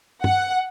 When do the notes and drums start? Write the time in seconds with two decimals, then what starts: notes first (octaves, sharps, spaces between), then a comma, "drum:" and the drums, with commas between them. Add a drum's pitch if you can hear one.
0.24 F#5, drum: tom